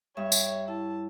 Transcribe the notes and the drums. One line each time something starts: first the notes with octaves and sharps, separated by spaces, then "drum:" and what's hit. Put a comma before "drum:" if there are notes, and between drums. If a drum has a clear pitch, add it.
G2 C#5 E5
drum: tambourine
E4 A5